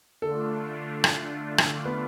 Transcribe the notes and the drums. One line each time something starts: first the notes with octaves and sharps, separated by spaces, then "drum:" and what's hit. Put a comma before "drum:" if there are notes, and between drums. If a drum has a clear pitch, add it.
D3 A3 D4 F4 A4
drum: rim click
drum: rim click
B3 B4